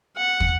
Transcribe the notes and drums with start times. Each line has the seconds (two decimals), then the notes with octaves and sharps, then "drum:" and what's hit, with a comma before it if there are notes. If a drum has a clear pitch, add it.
0.17 F#5
0.40 drum: kick